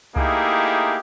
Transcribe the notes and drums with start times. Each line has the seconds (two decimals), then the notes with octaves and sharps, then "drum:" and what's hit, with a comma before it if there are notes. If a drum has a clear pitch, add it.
0.16 A3 A#3 D#4 E4 G4 G#4, drum: kick C2